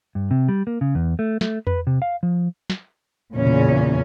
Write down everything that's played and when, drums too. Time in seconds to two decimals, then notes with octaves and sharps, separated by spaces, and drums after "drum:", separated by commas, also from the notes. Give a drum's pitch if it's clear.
0.15 G2
0.31 C3
0.49 G3
0.67 A#3
0.81 C#3
0.95 E2
1.19 A3
1.41 A3, drum: snare
1.67 B4, drum: tom E2
1.87 C3
2.02 F5
2.23 F3
2.70 drum: snare
3.34 E2 A#2 C#3 C#4
3.47 drum: tom A2